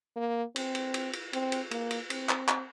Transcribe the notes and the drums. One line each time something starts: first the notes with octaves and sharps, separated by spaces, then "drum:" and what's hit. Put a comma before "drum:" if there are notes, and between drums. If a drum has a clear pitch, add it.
A#3
C4, drum: cymbal
drum: cymbal
drum: cymbal
drum: cymbal
C4, drum: cymbal
drum: cymbal
A#3, drum: cymbal
drum: cymbal
C4, drum: cymbal
drum: clap
drum: clap